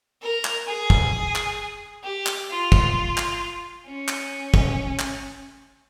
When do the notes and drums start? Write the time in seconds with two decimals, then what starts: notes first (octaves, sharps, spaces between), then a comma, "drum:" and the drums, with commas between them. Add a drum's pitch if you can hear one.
0.22 A#4
0.45 drum: clap
0.67 G#4
0.90 drum: kick
1.35 drum: clap
2.04 G4
2.26 drum: clap
2.50 F4
2.72 drum: kick
3.17 drum: clap
3.86 C#4
4.08 drum: clap
4.54 drum: kick
4.99 drum: clap